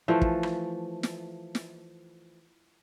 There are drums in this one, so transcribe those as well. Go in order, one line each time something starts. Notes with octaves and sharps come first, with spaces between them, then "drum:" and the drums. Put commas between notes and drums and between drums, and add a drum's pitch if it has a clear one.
E3 F3 A3
drum: kick
drum: rim click
drum: snare
drum: snare